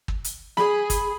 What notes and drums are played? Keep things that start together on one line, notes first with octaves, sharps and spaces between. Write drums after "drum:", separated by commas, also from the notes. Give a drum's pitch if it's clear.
drum: kick
drum: hi-hat
G#4 B5, drum: snare
drum: kick, hi-hat